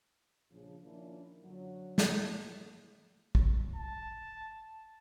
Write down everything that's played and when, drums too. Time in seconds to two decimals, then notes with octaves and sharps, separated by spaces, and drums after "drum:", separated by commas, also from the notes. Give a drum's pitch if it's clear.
0.51 A#1 C#3 F3
0.84 D#3 F3 A#3 C#4 D4 E4
1.44 F#2 D3 F3 F#3
1.98 drum: snare
2.19 A#3
3.35 drum: kick
3.76 A5